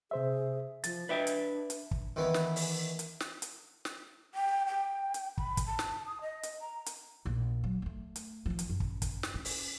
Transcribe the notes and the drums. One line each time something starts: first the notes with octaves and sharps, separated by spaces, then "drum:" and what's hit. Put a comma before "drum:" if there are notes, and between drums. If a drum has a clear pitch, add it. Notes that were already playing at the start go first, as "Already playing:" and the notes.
C3 G#4 C5 E5
F3 A6, drum: hi-hat
D4 B4 E5 G5
drum: hi-hat
drum: hi-hat
drum: kick
D#3 E3 B3
drum: snare
drum: open hi-hat
drum: hi-hat
drum: snare
drum: hi-hat
drum: snare
G5
G5
drum: hi-hat
B5, drum: kick
drum: kick, hi-hat
A5
drum: snare
D#6
D#5
drum: hi-hat
A#5
drum: hi-hat
A#1
F#3
G#3 A3
drum: hi-hat
D#3 F3
drum: hi-hat
F#2
drum: kick
drum: kick, hi-hat
drum: snare
C#4
drum: open hi-hat